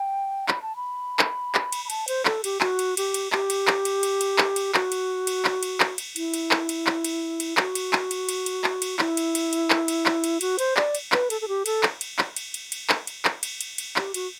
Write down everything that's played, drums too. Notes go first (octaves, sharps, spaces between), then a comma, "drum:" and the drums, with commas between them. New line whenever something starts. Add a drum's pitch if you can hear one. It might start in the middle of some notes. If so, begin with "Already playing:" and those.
Already playing: G5
B5, drum: clap
A5
B5
drum: clap
drum: clap
drum: cymbal
B5
A5, drum: cymbal
C5, drum: cymbal
A4, drum: clap
G4, drum: cymbal
F#4, drum: clap
drum: cymbal
G4, drum: cymbal
drum: cymbal
G4, drum: clap
drum: cymbal
drum: clap
drum: cymbal
drum: cymbal
drum: cymbal
drum: clap
drum: cymbal
F#4, drum: clap
drum: cymbal
drum: cymbal
drum: clap
drum: cymbal
drum: clap
drum: cymbal
E4, drum: cymbal
drum: cymbal
drum: clap
drum: cymbal
drum: clap
drum: cymbal
drum: cymbal
F#4, drum: clap
drum: cymbal
drum: clap
drum: cymbal
drum: cymbal
drum: cymbal
drum: clap
drum: cymbal
E4, drum: clap
drum: cymbal
drum: cymbal
drum: cymbal
drum: clap
drum: cymbal
drum: clap
drum: cymbal
F#4, drum: cymbal
C5, drum: cymbal
D5, drum: clap
drum: cymbal
B4, drum: clap
A4, drum: cymbal
A4
G4
A4, drum: cymbal
drum: clap
drum: cymbal
drum: clap
drum: cymbal
drum: cymbal
drum: cymbal
drum: clap
drum: cymbal
drum: clap
drum: cymbal
drum: cymbal
drum: cymbal
G4, drum: clap
F#4, drum: cymbal